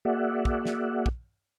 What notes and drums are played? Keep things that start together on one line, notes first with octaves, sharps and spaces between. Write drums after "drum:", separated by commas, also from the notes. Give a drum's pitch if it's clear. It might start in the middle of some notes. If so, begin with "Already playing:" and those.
A#3 F#4 G#4 D5 E5 F#5
drum: kick
drum: snare
drum: kick